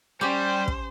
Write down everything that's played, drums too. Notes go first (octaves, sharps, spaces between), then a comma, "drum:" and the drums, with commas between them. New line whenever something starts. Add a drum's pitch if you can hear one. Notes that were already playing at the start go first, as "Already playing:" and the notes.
G3 C#4 G4 C5
drum: kick